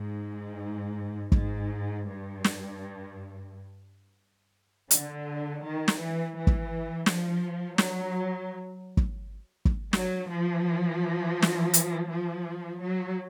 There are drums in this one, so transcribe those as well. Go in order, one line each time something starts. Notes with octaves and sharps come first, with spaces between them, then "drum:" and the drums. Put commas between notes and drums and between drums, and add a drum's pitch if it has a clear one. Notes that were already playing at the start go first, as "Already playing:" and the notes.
Already playing: G#2
G#2, drum: kick
G2
drum: snare
D3, drum: hi-hat
D#3
drum: snare
E3
E3
drum: kick
F3, drum: snare
F#3, drum: snare
drum: kick
drum: kick
F#3, drum: snare
F3
drum: snare
drum: hi-hat
F3
F#3